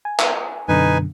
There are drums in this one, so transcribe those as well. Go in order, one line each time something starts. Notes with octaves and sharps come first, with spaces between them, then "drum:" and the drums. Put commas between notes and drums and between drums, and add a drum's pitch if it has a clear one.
G#5
drum: clap
F#2 B2 D3 D#4 B4 G#5